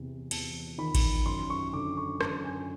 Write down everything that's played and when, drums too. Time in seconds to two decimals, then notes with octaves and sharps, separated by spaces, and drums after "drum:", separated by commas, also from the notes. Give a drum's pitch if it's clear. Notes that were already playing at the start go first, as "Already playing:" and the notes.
Already playing: E2 C3
0.31 E2 A5, drum: cymbal
0.78 D#3 B5
0.95 drum: kick G#1, cymbal
1.26 F#2 C6
1.50 C#6
1.73 D3 D6
1.97 C#6
2.21 F#2 A5, drum: rim click
2.45 G#5